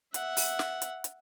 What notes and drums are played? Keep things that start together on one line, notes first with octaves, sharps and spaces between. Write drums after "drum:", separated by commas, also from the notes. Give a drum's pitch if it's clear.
E5 F#5, drum: hi-hat
drum: open hi-hat
drum: snare
drum: hi-hat
drum: hi-hat